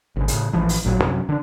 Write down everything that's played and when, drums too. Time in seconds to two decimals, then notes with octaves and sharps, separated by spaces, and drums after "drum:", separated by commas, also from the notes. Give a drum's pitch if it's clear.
0.16 G#1 C#3
0.28 A2 C#3, drum: hi-hat
0.53 A1 E3 F3
0.69 drum: open hi-hat
0.84 A1 A#2 D#3 F#3
1.02 F#2 C3 F#3 C#4
1.29 D3 D4